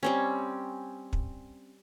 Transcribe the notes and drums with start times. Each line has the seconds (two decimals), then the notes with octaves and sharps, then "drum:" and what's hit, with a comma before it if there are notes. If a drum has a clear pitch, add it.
0.03 G3 C4 C#4
1.13 drum: kick